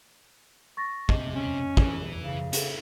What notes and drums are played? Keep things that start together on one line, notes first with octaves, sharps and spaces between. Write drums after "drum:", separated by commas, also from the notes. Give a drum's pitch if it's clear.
C#6 A6 A#6
C3 D#5, drum: kick
C#4
E3, drum: kick
C#3
E4 F#4 G#4 A4, drum: hi-hat